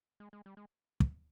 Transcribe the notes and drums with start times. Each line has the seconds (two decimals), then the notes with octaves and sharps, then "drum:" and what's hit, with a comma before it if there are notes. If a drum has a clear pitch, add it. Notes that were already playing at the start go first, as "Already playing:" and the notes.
0.20 G#3
0.33 G#3
0.46 G3
0.57 G#3
1.00 drum: kick